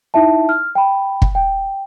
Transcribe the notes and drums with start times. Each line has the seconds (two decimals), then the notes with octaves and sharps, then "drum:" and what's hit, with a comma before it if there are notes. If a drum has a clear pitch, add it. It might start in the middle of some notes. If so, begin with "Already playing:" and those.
0.14 D#4 E4 E5 A5
0.49 F6
0.75 G5 B5
1.22 drum: kick
1.35 G5